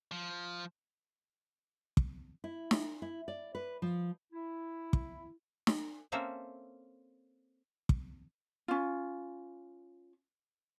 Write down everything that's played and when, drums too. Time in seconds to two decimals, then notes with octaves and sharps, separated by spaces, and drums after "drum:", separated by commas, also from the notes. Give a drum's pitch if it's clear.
0.12 F3
1.97 drum: kick
2.44 E4
2.71 drum: snare
3.02 E4
3.28 D5
3.55 B4
3.82 F3
4.33 E4
4.93 drum: kick
5.67 drum: snare
6.12 A#3 C4 C#4 A4 C5 E5
7.89 drum: kick
8.68 C#4 F4